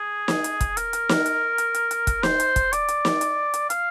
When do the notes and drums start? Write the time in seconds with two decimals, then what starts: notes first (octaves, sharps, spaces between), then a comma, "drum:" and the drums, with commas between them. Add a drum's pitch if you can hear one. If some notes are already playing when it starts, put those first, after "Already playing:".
Already playing: G#4
0.28 drum: snare
0.44 drum: hi-hat
0.61 drum: kick, hi-hat
0.77 A#4, drum: hi-hat
0.93 drum: hi-hat
1.09 drum: snare
1.26 drum: hi-hat
1.58 drum: hi-hat
1.75 drum: hi-hat
1.91 drum: hi-hat
2.07 drum: kick, hi-hat
2.23 C5, drum: snare
2.40 drum: hi-hat
2.56 drum: kick, hi-hat
2.73 D5, drum: hi-hat
2.88 drum: hi-hat
3.05 drum: snare
3.21 drum: hi-hat
3.54 drum: hi-hat
3.70 F5, drum: hi-hat